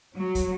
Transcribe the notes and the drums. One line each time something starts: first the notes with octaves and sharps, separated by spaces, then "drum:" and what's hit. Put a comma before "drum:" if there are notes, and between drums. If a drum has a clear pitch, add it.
F#3
drum: kick, hi-hat